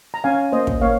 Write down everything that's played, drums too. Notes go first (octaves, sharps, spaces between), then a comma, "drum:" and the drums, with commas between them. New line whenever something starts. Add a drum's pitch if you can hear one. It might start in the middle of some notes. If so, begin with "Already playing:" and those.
A#5
C#4 F5 G#5
A#3 C5 D#5
drum: kick
A#3 C#5 F5